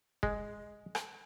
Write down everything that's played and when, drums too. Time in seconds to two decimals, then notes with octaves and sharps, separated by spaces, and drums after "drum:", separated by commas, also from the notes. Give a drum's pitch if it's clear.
0.23 G#3, drum: kick
0.95 drum: rim click